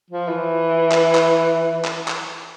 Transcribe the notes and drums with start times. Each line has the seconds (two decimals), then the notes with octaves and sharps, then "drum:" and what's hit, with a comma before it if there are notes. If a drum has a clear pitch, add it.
0.10 F3
0.28 E3
0.92 drum: clap
1.15 drum: clap
1.85 drum: clap
2.08 drum: clap